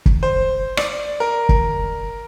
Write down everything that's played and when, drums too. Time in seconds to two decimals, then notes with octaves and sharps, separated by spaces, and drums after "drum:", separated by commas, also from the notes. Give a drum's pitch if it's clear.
0.06 drum: kick
0.23 C5
0.77 D5, drum: rim click
1.20 A#4
1.49 drum: kick